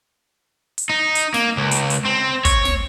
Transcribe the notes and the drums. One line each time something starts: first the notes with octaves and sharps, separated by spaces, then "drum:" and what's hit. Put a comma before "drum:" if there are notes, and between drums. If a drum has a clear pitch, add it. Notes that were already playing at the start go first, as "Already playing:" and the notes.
drum: hi-hat
D#4
drum: hi-hat
A#3, drum: snare
C#2
drum: hi-hat
drum: hi-hat
C4
C#5, drum: kick, hi-hat
drum: snare